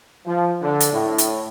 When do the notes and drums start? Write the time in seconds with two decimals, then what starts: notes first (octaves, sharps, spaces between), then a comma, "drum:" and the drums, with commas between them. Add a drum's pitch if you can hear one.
0.26 F3
0.61 D3
0.80 drum: hi-hat
0.92 A2
1.18 drum: hi-hat